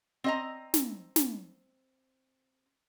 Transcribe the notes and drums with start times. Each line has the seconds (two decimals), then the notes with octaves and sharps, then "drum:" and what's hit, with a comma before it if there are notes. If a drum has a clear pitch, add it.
0.24 C4 D#5 A#5
0.74 drum: snare
1.16 drum: snare